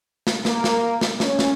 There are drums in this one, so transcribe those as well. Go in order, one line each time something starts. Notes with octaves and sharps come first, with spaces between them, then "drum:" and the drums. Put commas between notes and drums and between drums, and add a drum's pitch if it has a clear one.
drum: snare
A#3, drum: snare
drum: snare
drum: snare
C#4, drum: snare
drum: snare